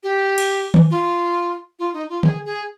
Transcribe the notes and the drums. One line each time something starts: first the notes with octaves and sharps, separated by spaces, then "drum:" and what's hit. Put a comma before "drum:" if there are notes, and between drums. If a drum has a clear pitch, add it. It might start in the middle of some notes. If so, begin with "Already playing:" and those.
G4
drum: cymbal
drum: tom D#3
F4
F4
D#4
F4
G#4, drum: tom D3
G#4